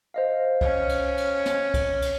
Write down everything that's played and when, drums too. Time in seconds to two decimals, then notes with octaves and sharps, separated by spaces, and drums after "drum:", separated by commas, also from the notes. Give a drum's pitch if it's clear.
0.14 C5 D#5 F5
0.61 C#4, drum: kick C2
0.89 drum: cymbal
1.18 drum: cymbal
1.46 drum: snare
1.74 drum: kick C2, cymbal
2.02 drum: cymbal